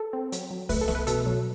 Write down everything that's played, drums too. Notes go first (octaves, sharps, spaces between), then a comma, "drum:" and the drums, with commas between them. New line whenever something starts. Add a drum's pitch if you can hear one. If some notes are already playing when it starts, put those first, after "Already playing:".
Already playing: A4
C4
F#3, drum: hi-hat
F#3
A3 B4, drum: kick C2, open hi-hat
A4
A3, drum: snare B3
B4
B2 A4, drum: hi-hat
F#3